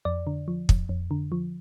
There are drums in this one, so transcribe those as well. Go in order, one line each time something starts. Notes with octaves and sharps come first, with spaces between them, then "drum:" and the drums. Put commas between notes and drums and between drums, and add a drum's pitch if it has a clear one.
F2 D5
D3
F3
F2, drum: kick
F2
D3
F3